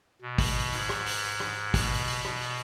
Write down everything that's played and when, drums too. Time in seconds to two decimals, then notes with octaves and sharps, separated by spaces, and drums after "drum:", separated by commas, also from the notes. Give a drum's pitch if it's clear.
0.22 B2
0.38 drum: kick, open hi-hat
0.72 G#2, drum: open hi-hat
0.89 drum: rim click
1.06 drum: open hi-hat
1.40 drum: rim click
1.74 B2, drum: kick, open hi-hat
2.08 drum: open hi-hat
2.25 B2, drum: rim click
2.41 drum: open hi-hat